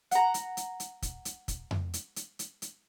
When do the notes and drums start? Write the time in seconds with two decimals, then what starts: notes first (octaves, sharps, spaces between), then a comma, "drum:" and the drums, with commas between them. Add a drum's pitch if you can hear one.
0.11 F#5 A#5, drum: hi-hat
0.34 drum: hi-hat
0.57 drum: hi-hat
0.80 drum: hi-hat
1.02 drum: kick, hi-hat
1.25 drum: hi-hat
1.48 drum: kick, hi-hat
1.71 drum: tom F2
1.94 drum: hi-hat
2.16 drum: hi-hat
2.39 drum: hi-hat
2.62 drum: hi-hat